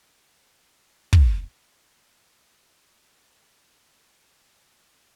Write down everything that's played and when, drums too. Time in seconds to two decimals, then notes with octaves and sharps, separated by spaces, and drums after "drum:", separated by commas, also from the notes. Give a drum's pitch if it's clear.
0.03 F#1 A4 D5 F5
1.13 drum: kick
2.71 F4
2.99 F4
3.13 D6
3.53 F#5
3.75 E5
3.88 G4
4.14 A#4
4.54 G#4
4.78 D5
4.93 C5